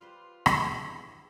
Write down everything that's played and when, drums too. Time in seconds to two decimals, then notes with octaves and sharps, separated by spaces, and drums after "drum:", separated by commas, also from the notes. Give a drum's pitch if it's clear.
0.01 G3 F4 B4 C5
0.46 G2 E3 F3 G#3, drum: rim click